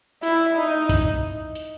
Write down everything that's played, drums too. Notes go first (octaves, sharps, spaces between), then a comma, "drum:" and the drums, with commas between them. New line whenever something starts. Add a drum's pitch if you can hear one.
E4, drum: hi-hat
D#4
drum: kick B1, hi-hat
drum: hi-hat